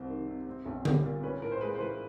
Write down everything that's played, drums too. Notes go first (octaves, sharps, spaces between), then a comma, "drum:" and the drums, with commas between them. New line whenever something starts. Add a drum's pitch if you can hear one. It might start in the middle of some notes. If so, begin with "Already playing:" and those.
Already playing: C2 G3 C5
D#3
C3
C4
B1
G3, drum: tom D3
A#2
C#4 B4
A2 A#4
C5
G#3 B4
C5
E3 B4